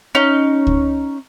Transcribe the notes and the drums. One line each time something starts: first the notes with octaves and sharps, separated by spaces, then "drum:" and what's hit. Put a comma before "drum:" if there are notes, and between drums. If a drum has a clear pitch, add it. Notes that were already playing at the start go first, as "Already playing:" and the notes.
C#4 D#4
drum: kick C#2